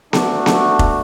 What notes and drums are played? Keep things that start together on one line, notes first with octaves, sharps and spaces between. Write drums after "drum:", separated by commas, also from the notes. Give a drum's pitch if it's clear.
A3 D4 F#4, drum: snare B3
drum: snare B3
drum: kick F1